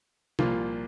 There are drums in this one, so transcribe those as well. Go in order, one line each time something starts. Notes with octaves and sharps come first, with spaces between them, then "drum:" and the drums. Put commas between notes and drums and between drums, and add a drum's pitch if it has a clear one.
C2 A#2 F3 A#3 F4, drum: tom